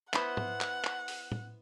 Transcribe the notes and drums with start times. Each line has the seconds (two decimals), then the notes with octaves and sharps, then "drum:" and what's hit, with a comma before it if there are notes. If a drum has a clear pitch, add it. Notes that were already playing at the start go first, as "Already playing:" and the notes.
0.14 B3 E4 C5 F#5, drum: clap
0.37 drum: tom G#2
0.61 drum: clap
0.84 drum: clap
1.08 drum: open hi-hat
1.32 drum: tom